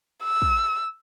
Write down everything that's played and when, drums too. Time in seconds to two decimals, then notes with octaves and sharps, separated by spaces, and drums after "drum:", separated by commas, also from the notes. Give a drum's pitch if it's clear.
0.24 E6
0.42 drum: kick